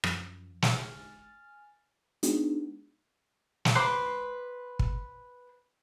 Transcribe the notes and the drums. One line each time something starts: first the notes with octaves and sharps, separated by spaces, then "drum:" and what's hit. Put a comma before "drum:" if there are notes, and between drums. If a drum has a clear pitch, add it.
F#2 F3, drum: rim click
G#5 F6 A6, drum: snare
G#3 B3 D4 D#4 F#4 G#4, drum: hi-hat
drum: snare
B4 C5 C6 D6
drum: kick